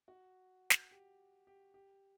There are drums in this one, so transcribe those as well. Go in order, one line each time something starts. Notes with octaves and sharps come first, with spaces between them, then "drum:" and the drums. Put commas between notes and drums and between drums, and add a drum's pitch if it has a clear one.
F#4
drum: snare
G4
G4
G4